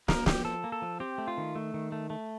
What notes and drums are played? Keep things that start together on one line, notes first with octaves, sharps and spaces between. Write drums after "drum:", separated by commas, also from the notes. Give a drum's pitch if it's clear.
A#3 A#4, drum: snare
F3 G4, drum: snare
F3 A4
A#3
A4
F3
C4 G4
A3
F4
D#3
A3
D#3
A3
A3